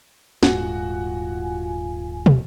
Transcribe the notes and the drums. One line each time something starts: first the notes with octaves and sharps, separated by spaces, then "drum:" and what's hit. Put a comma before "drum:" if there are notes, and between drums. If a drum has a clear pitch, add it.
D#1 G#2 F4 F#4 G#5, drum: snare
drum: tom